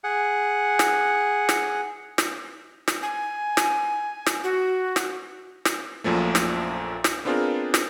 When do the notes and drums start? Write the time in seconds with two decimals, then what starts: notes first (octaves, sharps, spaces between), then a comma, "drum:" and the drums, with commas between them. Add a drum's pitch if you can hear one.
0.04 G#4 F#5
0.79 drum: snare
1.49 drum: snare
2.18 drum: snare
2.88 drum: snare
3.03 G#5
3.57 drum: snare
4.26 drum: snare
4.44 F#4
4.96 drum: snare
5.65 drum: snare
6.04 A#1 F#2 A#2 F3 A3
6.35 drum: snare
7.04 drum: snare
7.25 B3 C4 D4 F4 G#4 A#4
7.74 drum: snare